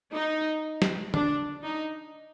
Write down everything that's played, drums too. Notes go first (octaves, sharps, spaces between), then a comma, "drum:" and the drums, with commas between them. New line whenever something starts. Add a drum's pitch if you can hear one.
D#4
drum: snare
D4, drum: tom D3
D#4